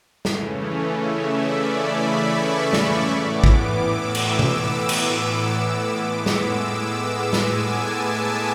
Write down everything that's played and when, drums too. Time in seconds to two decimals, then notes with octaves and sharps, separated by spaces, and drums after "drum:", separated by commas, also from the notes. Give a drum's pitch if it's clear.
0.25 C#3 E3 A3 C#4, drum: snare
0.96 E5
1.31 D5
1.67 B5
2.03 C#6
2.37 B5
2.73 C#6, drum: snare
3.08 A2 E3 B3 D6
3.44 D6, drum: kick
3.80 E6
4.15 drum: cymbal
4.39 drum: tom B2
4.89 drum: cymbal
5.21 E6
5.56 D6
5.90 A2 G#3 B3 D6
6.26 E6, drum: snare
6.61 E6
7.33 G#5, drum: snare
7.68 A5
8.03 E5